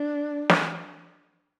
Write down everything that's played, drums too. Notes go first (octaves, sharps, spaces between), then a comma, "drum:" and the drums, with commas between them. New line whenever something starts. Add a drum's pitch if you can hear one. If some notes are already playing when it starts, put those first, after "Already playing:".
Already playing: D4
drum: snare